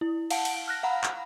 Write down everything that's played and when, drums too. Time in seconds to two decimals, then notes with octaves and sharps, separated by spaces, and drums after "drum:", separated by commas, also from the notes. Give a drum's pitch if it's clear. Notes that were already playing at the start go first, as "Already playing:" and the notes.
0.01 E4
0.30 F5 F#5 A5 D7, drum: cymbal
0.45 drum: cymbal
0.68 F6 F#6 A#6
0.83 F5 F#5 A#5 B5
1.04 drum: clap